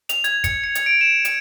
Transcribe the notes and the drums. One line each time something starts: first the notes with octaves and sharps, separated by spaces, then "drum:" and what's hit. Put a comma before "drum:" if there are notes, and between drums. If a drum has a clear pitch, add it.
F7, drum: hi-hat
G#6, drum: hi-hat
C#7, drum: kick, hi-hat
C#7
drum: hi-hat
D7
E7
drum: hi-hat